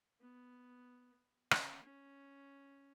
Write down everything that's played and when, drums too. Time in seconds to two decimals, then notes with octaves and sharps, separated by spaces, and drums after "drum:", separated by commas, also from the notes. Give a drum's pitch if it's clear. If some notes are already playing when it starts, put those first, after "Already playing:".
0.21 B3
1.51 C#4, drum: rim click
1.83 C#4